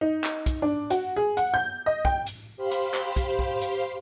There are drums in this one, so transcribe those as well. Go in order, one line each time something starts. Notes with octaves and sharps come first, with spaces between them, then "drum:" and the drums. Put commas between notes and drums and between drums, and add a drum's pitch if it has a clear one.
D#4
drum: clap
drum: kick, hi-hat
D4
F#4, drum: hi-hat
G#4
F#5, drum: hi-hat
G6
D#5
G5, drum: kick
drum: hi-hat
G4 C5 F5 B5 C6
drum: hi-hat
drum: clap
drum: kick, hi-hat
drum: kick
drum: hi-hat